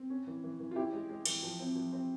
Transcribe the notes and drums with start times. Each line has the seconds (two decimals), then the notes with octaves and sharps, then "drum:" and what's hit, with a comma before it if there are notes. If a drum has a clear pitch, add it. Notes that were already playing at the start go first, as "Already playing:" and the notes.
Already playing: C4
0.10 C#4
0.27 E3
0.43 E3
0.60 E3
0.71 F4
0.76 C#4 E4 G4
0.93 G#3
1.10 G#3
1.26 E3, drum: cymbal
1.43 F3
1.60 C4
1.76 F3
1.93 C4